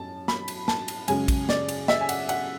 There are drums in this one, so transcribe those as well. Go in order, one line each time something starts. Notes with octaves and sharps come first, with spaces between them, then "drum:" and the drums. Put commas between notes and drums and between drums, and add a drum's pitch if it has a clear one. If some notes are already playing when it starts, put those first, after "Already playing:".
Already playing: F#2 A5
B5, drum: snare
drum: cymbal
A5, drum: snare
drum: cymbal
F#2 C#3 G#3 G#5, drum: cymbal
drum: kick A#1, cymbal
D5, drum: snare
drum: cymbal
E5, drum: snare
G#5
F#5, drum: cymbal
F#5, drum: cymbal